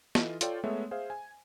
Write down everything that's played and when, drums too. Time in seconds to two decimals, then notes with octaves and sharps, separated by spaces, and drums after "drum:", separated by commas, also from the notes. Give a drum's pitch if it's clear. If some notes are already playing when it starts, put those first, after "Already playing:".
0.15 E3 F4 A4 D#5, drum: snare
0.41 F4 A4 C#5 D5 G5, drum: hi-hat
0.64 G#3 A3 B3 C#5 E5
0.91 G#4 C5 E5 F5
1.10 G#5